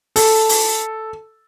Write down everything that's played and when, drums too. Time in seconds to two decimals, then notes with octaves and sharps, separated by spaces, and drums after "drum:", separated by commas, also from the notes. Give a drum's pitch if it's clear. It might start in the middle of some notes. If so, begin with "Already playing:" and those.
0.16 A4, drum: open hi-hat
0.49 drum: open hi-hat